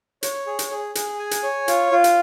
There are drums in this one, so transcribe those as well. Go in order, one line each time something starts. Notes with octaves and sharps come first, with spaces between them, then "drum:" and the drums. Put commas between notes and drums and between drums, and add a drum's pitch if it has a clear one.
C#5, drum: hi-hat
G#4
drum: hi-hat
G#4
G#4, drum: hi-hat
G#5
drum: hi-hat
C#5
F4, drum: hi-hat
F4
drum: hi-hat